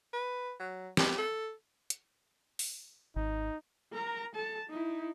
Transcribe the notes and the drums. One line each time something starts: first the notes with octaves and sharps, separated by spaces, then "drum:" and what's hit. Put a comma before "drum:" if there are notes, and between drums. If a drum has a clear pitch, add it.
B4
F#3
G4, drum: snare
A4
drum: hi-hat
drum: open hi-hat
G#1 D#4
A#4 A#5
A4 A5
D#4 E4